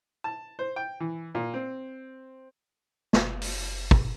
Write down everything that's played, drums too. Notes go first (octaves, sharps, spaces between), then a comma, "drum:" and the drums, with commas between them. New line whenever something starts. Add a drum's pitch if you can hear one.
A5
C5
G5
E3
A#2
C4
F#1, drum: snare
drum: open hi-hat
drum: kick